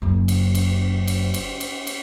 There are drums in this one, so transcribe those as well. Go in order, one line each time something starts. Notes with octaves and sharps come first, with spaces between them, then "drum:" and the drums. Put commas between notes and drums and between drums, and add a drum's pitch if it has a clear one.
F#1 F#2
drum: cymbal
drum: cymbal
drum: cymbal
drum: cymbal
drum: cymbal
drum: cymbal